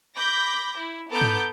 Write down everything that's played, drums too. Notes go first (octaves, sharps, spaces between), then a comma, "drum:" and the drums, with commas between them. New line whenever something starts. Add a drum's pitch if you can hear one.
B5 D6 G6 A#6
E4
B3 A4 A#5 D6 G6
drum: tom